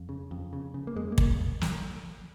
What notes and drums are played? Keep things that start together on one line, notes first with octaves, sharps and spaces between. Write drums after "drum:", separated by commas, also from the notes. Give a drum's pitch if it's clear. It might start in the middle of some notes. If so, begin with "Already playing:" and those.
Already playing: F2
C#3
F2
C#3
C#3
A#3
F2 G#3
A#3
F2, drum: kick
drum: snare